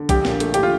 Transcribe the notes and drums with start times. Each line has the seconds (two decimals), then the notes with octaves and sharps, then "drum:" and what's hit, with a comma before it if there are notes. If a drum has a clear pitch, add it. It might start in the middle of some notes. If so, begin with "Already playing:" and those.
Already playing: D3
0.09 A#1 G4, drum: kick A#1, hi-hat
0.25 A#2, drum: snare
0.40 A3, drum: hi-hat
0.54 A#2 G4, drum: hi-hat
0.63 F4